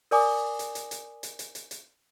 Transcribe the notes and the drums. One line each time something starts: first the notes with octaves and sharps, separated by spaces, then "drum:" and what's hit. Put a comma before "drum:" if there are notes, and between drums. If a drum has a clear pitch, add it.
A#4 D5 G#5 D6 D#6, drum: open hi-hat
drum: hi-hat
drum: hi-hat
drum: hi-hat
drum: hi-hat
drum: hi-hat
drum: hi-hat
drum: hi-hat